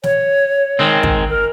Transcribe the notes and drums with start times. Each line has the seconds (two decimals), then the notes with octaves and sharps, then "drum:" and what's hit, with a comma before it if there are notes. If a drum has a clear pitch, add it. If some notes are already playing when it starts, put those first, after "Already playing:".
0.03 C#5, drum: snare
0.79 D#3 G#3 C4
1.03 drum: kick
1.29 A#4